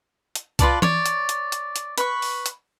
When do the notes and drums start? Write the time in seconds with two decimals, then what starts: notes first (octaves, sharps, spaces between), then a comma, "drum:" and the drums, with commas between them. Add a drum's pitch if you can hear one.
0.35 drum: hi-hat
0.59 F4 B4 D5 A5, drum: kick C2, hi-hat
0.82 C#5 D5, drum: tom E3
1.06 drum: hi-hat
1.29 drum: hi-hat
1.52 drum: hi-hat
1.76 drum: hi-hat
1.98 B4 C#6, drum: hi-hat
2.22 drum: open hi-hat
2.46 drum: hi-hat